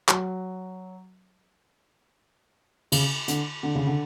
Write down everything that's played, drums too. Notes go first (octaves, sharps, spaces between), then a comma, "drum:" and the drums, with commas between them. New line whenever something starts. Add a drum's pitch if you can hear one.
F#3, drum: clap
C#3, drum: cymbal
D3, drum: hi-hat
D3
C#3
D3